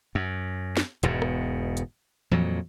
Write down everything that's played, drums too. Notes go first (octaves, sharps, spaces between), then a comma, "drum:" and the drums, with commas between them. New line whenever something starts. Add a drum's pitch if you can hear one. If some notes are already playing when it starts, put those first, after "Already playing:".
F#2
drum: snare
E1 E2 G#2 B2, drum: hi-hat
drum: rim click
drum: hi-hat
F2 A#2 F#3, drum: tom E3